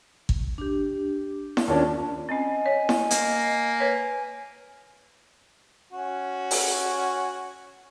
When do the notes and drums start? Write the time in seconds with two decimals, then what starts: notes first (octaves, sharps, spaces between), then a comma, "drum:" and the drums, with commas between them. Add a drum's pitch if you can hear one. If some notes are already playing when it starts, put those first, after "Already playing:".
0.29 drum: kick
0.58 D4 G4
1.57 drum: snare E4
1.68 D#2 C#4 D4 F4 D5 A5
2.29 C4 C#4 D#5 G#5
2.66 C#5
2.89 drum: snare E4
3.11 A#3, drum: hi-hat
3.80 B4 C#5
5.92 C#4 F#4
6.51 drum: open hi-hat